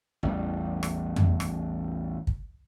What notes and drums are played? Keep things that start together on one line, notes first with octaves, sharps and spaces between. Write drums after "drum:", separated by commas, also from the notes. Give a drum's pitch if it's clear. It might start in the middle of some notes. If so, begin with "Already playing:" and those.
A1 E2 G3
drum: rim click
drum: tom F2
drum: rim click
drum: kick